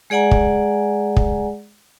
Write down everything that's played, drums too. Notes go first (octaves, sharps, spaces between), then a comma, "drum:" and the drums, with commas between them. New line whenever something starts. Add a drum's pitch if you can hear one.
G#3 G#4 D5 F#5 G#5 A#5
drum: kick
drum: kick